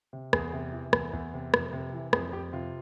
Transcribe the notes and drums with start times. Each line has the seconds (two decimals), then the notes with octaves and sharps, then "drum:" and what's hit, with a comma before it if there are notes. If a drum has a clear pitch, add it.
0.13 C3
0.33 E2 G#4, drum: rim click
0.53 C3
0.73 E3
0.93 E2, drum: rim click
1.13 E2
1.34 C3
1.54 F2, drum: rim click
1.73 C3
1.93 E3
2.13 F2 G#4, drum: rim click
2.33 F2 G4
2.53 C3 F4